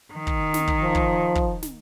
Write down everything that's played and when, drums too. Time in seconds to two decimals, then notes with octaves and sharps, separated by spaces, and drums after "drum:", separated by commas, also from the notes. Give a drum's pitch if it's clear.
0.14 D#3
0.27 drum: kick
0.54 drum: snare
0.67 drum: kick
0.81 F3
0.95 drum: kick
1.35 drum: kick
1.63 drum: snare